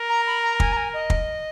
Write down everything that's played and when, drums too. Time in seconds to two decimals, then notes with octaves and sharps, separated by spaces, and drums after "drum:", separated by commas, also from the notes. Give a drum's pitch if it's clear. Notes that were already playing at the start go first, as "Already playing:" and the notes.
Already playing: A#4
0.09 A#5
0.27 B5
0.43 A#5
0.60 G#5, drum: kick
0.73 A#5
0.77 G#5
0.94 D#5
1.10 drum: kick